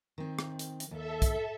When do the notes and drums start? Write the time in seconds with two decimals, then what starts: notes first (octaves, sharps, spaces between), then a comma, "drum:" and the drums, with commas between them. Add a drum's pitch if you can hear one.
0.18 D#3 C4
0.39 drum: rim click
0.59 drum: hi-hat
0.80 drum: hi-hat
0.91 D#2 A4 E5
1.22 drum: kick, hi-hat